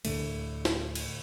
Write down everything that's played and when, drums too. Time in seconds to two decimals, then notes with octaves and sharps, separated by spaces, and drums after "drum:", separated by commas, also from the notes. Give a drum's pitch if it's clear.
0.05 D2 A2 D3 A3, drum: cymbal
0.65 drum: snare
0.95 drum: cymbal